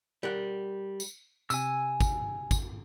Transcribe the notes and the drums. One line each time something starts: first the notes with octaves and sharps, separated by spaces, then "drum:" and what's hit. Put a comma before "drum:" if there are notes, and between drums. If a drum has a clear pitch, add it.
G3 A#4 F#5
drum: tambourine
C3 G#5 E6, drum: tambourine
drum: kick, tambourine
drum: kick, tambourine